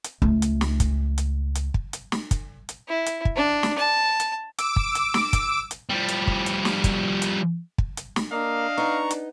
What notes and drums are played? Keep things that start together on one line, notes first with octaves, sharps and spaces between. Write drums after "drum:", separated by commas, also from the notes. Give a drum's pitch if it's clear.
drum: hi-hat
C#2 A3, drum: kick
drum: hi-hat
drum: snare
drum: kick, hi-hat
drum: hi-hat
drum: hi-hat
drum: kick
drum: hi-hat
drum: snare
drum: kick, hi-hat
drum: hi-hat
E4
drum: hi-hat
drum: kick
D4
drum: snare
A5
drum: hi-hat
D6 E6 D7, drum: hi-hat
drum: kick
drum: hi-hat
drum: snare
drum: kick, hi-hat
drum: hi-hat
F3 G3
drum: hi-hat
drum: kick
drum: hi-hat
drum: snare
drum: kick, hi-hat
drum: hi-hat
drum: kick
drum: hi-hat
drum: snare
A#3 D4 D#5 F5
B3 D#4 A#5 C#6
drum: hi-hat